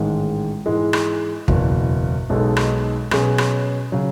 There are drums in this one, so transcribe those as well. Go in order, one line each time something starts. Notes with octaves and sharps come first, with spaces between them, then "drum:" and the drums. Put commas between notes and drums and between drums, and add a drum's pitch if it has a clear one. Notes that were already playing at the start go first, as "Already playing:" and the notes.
Already playing: A1 G#2 D#3 G#3
G#2 E3 G#3
drum: rim click
F#1 E2 B2, drum: kick
B1 B2 G#3 D#4 A4
drum: rim click
B2 F#3 C#4 G#4 B4, drum: rim click
drum: rim click
C#3 F#3